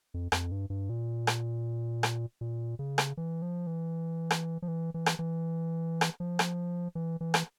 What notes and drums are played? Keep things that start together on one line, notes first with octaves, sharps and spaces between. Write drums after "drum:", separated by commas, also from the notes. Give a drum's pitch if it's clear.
F2
F2, drum: rim click
G2
G2
A#2
drum: rim click
drum: rim click
A#2
C#3
drum: rim click
E3
F3
E3
drum: rim click
F3
E3
E3
drum: rim click
E3
drum: rim click
F3
drum: rim click
E3
E3
drum: rim click